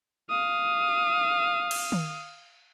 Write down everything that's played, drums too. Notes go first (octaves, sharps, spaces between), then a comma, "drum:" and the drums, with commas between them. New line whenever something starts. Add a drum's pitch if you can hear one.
F5 D#6
drum: cymbal
drum: tom D#3